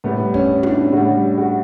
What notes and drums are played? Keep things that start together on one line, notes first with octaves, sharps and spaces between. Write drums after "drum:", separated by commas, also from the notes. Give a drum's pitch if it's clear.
A2 G3 B3
C#4, drum: kick
D4, drum: tom
A2 G3 F#4
F#4